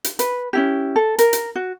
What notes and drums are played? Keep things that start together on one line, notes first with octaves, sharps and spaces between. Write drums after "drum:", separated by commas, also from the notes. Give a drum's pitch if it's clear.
drum: hi-hat
B4, drum: hi-hat
C#4 E4 G4
A4
A#4, drum: hi-hat
drum: hi-hat
F#4